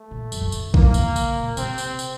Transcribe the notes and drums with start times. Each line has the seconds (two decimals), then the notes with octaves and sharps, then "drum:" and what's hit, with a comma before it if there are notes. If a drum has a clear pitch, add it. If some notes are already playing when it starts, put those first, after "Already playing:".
Already playing: A3
0.11 A#2
0.32 F#2, drum: tambourine
0.42 A2
0.52 C#3, drum: tambourine
0.63 C#3
0.74 C#3 A#3, drum: kick
0.94 C#3, drum: tambourine
1.16 C#3, drum: tambourine
1.37 A#2
1.57 C3 C4, drum: tambourine
1.78 drum: tambourine
1.99 drum: tambourine